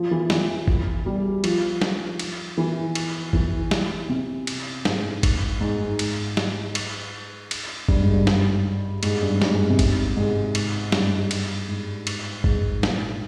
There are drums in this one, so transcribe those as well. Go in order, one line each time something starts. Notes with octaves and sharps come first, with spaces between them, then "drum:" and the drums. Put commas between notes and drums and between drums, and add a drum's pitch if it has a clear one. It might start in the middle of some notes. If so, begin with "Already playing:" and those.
Already playing: F3
E3
E3, drum: snare
drum: kick G#1
G3
F3, drum: cymbal
drum: snare
drum: cymbal
E3
drum: cymbal
E3, drum: kick G#1
drum: snare
C3
drum: cymbal
G#2, drum: snare
drum: kick G#1, cymbal
G#2
G#2
drum: cymbal
drum: snare
drum: cymbal
drum: cymbal
G2, drum: kick G#1
G#2
G2
drum: snare
G#2, drum: cymbal
G2
G2, drum: snare
G#2
C3
drum: kick G#1, cymbal
G#2
drum: cymbal
G2, drum: snare
drum: cymbal
G#2
drum: cymbal
G#2, drum: kick G#1
A#2, drum: snare